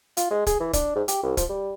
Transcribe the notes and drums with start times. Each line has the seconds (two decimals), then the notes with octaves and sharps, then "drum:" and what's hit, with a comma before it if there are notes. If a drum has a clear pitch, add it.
0.17 F4, drum: hi-hat
0.31 G#3
0.47 G#4, drum: kick, hi-hat
0.60 E3
0.73 D4, drum: kick, hi-hat
0.96 G#2
1.08 G4, drum: hi-hat
1.23 C2
1.37 F3, drum: kick, hi-hat
1.49 G3